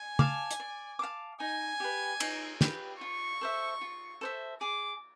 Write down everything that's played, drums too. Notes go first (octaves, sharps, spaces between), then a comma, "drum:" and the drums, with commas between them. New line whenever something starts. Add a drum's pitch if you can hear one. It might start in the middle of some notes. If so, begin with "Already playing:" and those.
Already playing: G#5
F5 A5 D6, drum: tom
drum: hi-hat
D5
F5 A5 D6
D#4 G#5
G4 B4
D#4, drum: cymbal
G4 B4, drum: snare
F4 C#6
A4 C5 E5
F4
A4 C5 E5
G#4 D6